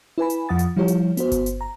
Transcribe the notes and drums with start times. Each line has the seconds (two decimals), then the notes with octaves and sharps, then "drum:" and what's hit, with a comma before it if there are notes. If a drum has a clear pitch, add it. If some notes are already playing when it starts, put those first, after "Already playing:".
0.18 E4 B4 G#5 B5
0.30 drum: hi-hat
0.49 F2 F3 F#5 D#6 A6
0.59 drum: hi-hat
0.77 F3 G3 E4 G4 C#5
0.88 drum: hi-hat
1.17 B3 F#4 C5, drum: hi-hat
1.32 drum: kick G1, hi-hat
1.46 drum: hi-hat
1.61 A#5